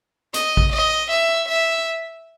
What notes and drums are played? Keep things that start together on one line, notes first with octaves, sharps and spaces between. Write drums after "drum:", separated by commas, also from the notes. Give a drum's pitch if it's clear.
D#5, drum: hi-hat
drum: kick A1
D#5
E5
E5